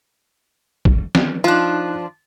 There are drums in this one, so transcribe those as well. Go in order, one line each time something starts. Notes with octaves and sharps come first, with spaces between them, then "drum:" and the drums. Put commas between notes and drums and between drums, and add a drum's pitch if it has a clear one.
drum: kick
drum: snare
F3 D4 D#4 F4 F#6